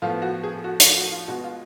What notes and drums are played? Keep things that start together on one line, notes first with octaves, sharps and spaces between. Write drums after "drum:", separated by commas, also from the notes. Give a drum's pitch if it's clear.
A2 F3 B3 F4
F#4
G#4
F#4
F4, drum: hi-hat
F#4
F4
B2 G#3 B3 F#4
F4